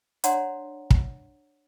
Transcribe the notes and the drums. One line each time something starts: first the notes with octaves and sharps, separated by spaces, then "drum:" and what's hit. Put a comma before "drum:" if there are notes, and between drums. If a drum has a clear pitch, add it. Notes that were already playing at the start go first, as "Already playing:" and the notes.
D4 C#5 D5 F#5 A#5 C6, drum: hi-hat
drum: kick